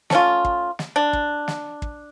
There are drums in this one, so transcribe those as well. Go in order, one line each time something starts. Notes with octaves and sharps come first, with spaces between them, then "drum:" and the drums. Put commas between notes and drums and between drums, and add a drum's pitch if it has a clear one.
A3 C#4 F4, drum: snare
drum: kick
drum: snare
D4
drum: kick
drum: snare
drum: kick